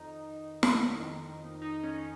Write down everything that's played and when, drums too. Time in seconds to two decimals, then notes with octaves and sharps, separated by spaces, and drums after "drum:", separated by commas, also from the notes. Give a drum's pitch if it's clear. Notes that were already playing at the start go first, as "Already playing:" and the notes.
Already playing: F2 D#3 D#4
0.63 drum: snare
0.98 F2 D#3
1.62 D#4
1.83 C#4